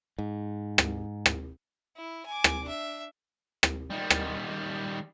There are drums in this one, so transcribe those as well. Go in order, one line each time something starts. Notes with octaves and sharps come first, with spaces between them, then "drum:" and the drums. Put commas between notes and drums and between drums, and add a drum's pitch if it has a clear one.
G#2
drum: rim click
drum: rim click
E4
G#5 D6
drum: rim click
D4 E5
drum: rim click
D#3 G3
drum: rim click